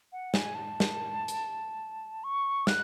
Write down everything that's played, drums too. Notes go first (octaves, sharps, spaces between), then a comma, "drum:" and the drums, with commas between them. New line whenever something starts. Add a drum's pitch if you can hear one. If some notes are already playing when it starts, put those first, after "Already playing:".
F#5
G#5, drum: snare
A5
drum: snare
drum: hi-hat
C#6
F#6, drum: snare